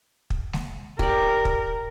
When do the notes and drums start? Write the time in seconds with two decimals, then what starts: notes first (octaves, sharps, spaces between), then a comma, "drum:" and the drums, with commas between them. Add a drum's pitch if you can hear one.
0.30 drum: kick
0.53 drum: snare G#3
0.99 G4 A#4 D5, drum: kick
1.45 drum: kick